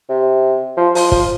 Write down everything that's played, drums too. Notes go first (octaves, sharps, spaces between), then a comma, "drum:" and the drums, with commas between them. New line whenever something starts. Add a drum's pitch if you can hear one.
C3
F3
F3, drum: open hi-hat
F3, drum: kick